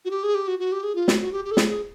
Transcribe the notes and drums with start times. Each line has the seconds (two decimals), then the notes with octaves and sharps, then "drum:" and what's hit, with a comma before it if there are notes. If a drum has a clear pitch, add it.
0.05 F#4
0.11 G4
0.24 G#4
0.35 G4
0.48 F#4
0.59 F#4
0.72 G4
0.83 G#4
0.95 F4
1.08 F#4, drum: snare
1.20 F#4
1.32 G4
1.45 G4
1.51 A4
1.57 G#4, drum: snare
1.69 G#4